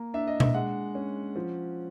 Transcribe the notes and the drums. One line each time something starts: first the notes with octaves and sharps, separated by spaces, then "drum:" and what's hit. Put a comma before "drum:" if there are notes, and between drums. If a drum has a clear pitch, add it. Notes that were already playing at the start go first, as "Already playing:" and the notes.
Already playing: A#3
D4 E5
D#5
E5, drum: tom B2
G#3 F#5
C#4
F3